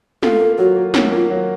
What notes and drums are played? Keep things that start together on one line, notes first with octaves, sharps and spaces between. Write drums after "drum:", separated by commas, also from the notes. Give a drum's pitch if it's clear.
F4 A4, drum: snare
A#3
F#3 F#4
A#3
F#3 D#4, drum: snare
D#4
A#3 F4
F#3